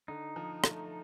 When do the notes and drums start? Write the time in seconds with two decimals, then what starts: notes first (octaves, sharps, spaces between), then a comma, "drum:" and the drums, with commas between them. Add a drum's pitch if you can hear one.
0.08 D3 D#4
0.36 F3
0.64 A3, drum: rim click